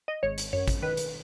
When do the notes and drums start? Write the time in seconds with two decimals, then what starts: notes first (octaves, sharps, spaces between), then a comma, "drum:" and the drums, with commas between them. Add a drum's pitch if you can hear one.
0.08 D#5
0.23 G#1 C#5
0.38 drum: hi-hat
0.53 F#2 C#5
0.68 drum: kick, hi-hat
0.82 D#3 B4
0.97 drum: hi-hat